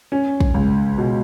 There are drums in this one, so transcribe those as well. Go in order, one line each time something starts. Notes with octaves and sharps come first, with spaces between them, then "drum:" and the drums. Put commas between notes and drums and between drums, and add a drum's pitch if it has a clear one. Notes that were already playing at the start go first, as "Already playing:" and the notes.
C#4
drum: kick
C#2
B2